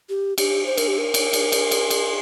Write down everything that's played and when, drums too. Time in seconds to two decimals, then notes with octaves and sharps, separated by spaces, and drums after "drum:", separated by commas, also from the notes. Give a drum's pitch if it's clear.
0.09 G4
0.38 G4, drum: cymbal
0.66 C5
0.77 A#4, drum: cymbal
0.88 G4
0.98 A#4
1.14 drum: cymbal
1.33 drum: cymbal
1.52 drum: cymbal
1.71 drum: cymbal
1.90 drum: cymbal